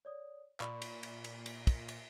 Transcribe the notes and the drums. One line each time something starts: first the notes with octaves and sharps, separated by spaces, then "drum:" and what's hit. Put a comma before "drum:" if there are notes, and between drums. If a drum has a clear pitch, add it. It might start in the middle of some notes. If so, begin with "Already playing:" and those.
C#5 D5 D#6
A#2 D5 B5 C#6, drum: clap
drum: cymbal
drum: cymbal
drum: cymbal
drum: cymbal
drum: kick, cymbal
drum: cymbal